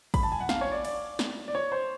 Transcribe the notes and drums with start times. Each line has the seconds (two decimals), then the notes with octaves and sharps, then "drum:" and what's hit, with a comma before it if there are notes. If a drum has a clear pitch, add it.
0.14 B5, drum: kick, cymbal
0.23 A5
0.32 G#5
0.40 F#5
0.49 F5, drum: snare
0.61 C#5
0.72 D5
0.85 D5, drum: cymbal
1.19 drum: snare
1.48 D5
1.55 C#5
1.72 C5